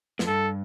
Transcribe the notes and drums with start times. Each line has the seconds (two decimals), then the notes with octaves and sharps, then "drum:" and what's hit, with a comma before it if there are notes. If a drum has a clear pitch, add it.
0.19 F2, drum: snare
0.27 G2 A4